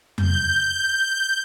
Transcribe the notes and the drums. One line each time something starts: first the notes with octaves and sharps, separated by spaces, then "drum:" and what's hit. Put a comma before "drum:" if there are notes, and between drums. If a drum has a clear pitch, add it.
G6, drum: tom F2